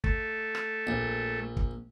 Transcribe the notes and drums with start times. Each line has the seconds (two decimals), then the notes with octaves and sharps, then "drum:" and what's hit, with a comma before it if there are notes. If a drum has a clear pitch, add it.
0.04 A3, drum: kick
0.55 drum: rim click
0.87 A#1
1.57 drum: kick